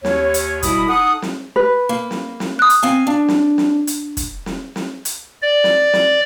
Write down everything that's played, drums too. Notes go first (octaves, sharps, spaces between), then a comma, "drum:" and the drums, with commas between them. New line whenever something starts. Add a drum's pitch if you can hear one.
D#2 C#5, drum: snare
drum: hi-hat
B2 G3 E4 A#4 B5 D#6, drum: kick, hi-hat
D#4 A4 F#5 D#6
drum: snare
B4
A#3
drum: snare
drum: snare
D#6 F#6
drum: hi-hat
C4 F5 G#5
D4
drum: snare
drum: snare
drum: hi-hat
drum: kick, hi-hat
drum: snare
drum: snare
drum: hi-hat
D5
drum: snare
drum: snare